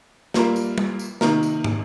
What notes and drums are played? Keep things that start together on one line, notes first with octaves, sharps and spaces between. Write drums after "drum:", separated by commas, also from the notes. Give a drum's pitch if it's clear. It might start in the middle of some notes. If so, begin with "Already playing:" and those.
G3 A#3 F4 A#4, drum: snare
drum: tambourine
drum: tom G3
drum: tambourine
C3 D#3 A#3 D#4 A#4, drum: snare
drum: tambourine
drum: tom